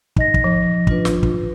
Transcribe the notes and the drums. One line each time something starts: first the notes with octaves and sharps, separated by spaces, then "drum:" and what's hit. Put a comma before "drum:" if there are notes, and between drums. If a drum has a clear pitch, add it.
D#4 D#5 A#6, drum: kick
drum: kick
F3
D4 F4 B4, drum: kick
drum: snare
drum: kick